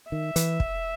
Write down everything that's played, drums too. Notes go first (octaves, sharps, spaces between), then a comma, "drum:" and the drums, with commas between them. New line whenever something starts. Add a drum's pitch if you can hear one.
D#3 E5
E3, drum: hi-hat
drum: kick